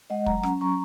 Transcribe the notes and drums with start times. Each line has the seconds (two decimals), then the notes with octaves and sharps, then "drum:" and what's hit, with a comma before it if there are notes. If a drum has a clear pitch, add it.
0.10 G#3 D#5 F#5
0.26 F#3 F#5 A#5, drum: kick
0.43 C#4, drum: rim click
0.61 F#3 A#5 C#6